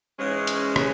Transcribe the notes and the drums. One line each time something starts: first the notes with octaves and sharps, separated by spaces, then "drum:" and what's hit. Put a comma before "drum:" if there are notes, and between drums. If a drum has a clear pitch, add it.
G#2 E3 G#3 C#4
drum: hi-hat
drum: rim click